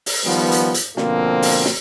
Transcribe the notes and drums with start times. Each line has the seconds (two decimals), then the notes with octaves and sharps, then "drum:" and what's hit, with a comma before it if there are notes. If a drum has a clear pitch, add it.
0.06 drum: open hi-hat
0.25 D#3 F3 G3 B3
0.52 drum: hi-hat
0.74 drum: hi-hat
0.97 B2 D3 F3 A#3 C4, drum: snare
1.42 drum: open hi-hat
1.65 drum: snare